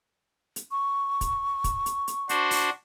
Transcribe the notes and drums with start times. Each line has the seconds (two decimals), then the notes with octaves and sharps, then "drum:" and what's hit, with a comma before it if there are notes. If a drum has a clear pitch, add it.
0.56 drum: hi-hat
0.71 C#6
1.21 drum: kick, hi-hat
1.64 drum: kick, hi-hat
1.86 drum: hi-hat
2.08 drum: hi-hat
2.29 D4 F#4 C5, drum: hi-hat
2.51 drum: open hi-hat